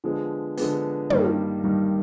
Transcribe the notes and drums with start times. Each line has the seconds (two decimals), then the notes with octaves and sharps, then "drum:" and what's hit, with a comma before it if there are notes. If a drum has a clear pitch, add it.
0.04 D3 F3 G#3 B3
0.57 D3 F3 G#3 B3, drum: open hi-hat
1.10 G2 D#3 G3 A#3, drum: tom
1.64 G2 D#3 G3 A#3